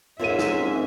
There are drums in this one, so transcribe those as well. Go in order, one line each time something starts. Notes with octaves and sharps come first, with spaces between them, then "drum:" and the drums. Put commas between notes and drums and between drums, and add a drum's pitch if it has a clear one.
G#2 C4 C#4 F4 A#4 E5 D#7
drum: snare